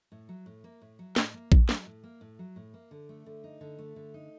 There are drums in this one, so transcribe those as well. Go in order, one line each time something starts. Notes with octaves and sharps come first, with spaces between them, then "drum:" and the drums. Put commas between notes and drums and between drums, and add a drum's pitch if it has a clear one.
A2
F#3
A2
A#3
A2
F#3
A2, drum: snare
A#3
A2, drum: kick A#1
F#3, drum: snare
A2
A#3
A2
F#3
A2
A#3
D3
A3
D3
D#4
D3
A3
D3
D#4